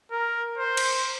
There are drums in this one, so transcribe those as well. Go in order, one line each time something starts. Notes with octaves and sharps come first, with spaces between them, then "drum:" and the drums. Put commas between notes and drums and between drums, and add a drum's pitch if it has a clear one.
A#4
C5
drum: cymbal